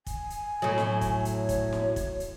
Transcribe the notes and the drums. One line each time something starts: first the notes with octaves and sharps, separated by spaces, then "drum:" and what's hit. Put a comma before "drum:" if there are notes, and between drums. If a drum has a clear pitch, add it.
G#5, drum: kick, hi-hat
drum: hi-hat
A2 F#3
drum: snare
drum: kick, hi-hat
drum: hi-hat
C#5
drum: kick, hi-hat
drum: snare
drum: kick, hi-hat
drum: hi-hat